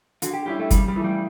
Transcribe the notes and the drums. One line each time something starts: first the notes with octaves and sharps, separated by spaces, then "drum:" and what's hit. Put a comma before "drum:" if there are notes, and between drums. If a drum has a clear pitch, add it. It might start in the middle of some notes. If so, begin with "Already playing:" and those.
D3 F#4, drum: hi-hat
G4
G3 C#4 E4 G4
A3
C#3 G3, drum: kick, hi-hat
G3
E3 A3
G3